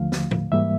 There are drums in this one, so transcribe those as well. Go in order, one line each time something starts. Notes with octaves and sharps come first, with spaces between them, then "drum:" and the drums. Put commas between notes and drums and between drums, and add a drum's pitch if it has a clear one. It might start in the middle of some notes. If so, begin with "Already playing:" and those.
Already playing: D#2 D3 F3 A3 F5
drum: snare
drum: tom A2
G#2 E3 G3 A#3 E5